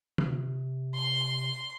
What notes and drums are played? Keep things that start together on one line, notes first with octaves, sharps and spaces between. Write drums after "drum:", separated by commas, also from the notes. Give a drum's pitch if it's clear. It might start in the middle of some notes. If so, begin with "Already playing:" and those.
C3, drum: tom D3
C6